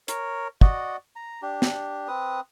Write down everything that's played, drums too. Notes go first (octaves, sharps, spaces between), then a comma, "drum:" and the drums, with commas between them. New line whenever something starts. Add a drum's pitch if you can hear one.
A#4 C#5, drum: hi-hat
F#4 D5 D#5 F#5, drum: kick
A#5
D4 G4
drum: snare
C4 B4 D#6